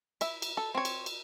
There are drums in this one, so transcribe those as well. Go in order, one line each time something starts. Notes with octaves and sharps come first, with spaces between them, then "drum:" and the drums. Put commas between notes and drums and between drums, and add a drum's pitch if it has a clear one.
E4 E5, drum: cymbal
drum: cymbal
A4
C4 C#5
drum: cymbal
drum: cymbal